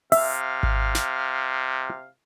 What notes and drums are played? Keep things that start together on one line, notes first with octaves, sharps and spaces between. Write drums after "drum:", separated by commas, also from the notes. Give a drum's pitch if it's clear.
C3 E5 F5, drum: open hi-hat
drum: kick G#1
drum: snare